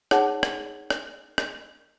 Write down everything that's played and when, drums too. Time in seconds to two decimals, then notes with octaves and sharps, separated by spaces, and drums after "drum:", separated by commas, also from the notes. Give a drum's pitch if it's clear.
0.11 D#4 G#4 C#5 F#5 A5, drum: rim click
0.43 drum: rim click
0.90 drum: rim click
1.38 drum: rim click